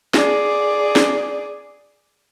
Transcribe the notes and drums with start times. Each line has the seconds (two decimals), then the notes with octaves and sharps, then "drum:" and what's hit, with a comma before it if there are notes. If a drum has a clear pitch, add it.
0.14 G#4 D5, drum: snare
0.96 drum: snare